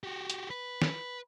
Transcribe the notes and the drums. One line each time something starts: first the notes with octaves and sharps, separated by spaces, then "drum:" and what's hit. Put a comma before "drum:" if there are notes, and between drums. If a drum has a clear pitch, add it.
F#4 G4
drum: hi-hat
B4
drum: snare